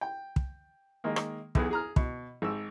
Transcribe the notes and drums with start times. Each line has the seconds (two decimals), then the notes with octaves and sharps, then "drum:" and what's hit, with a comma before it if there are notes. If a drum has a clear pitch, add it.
0.01 G5
0.36 drum: kick
1.04 D#3 G#3 A#3
1.16 drum: rim click
1.55 B1 E2 B3 G#4, drum: kick
1.71 G#4 A#5 F6
1.96 B2, drum: kick
2.42 G#1 E6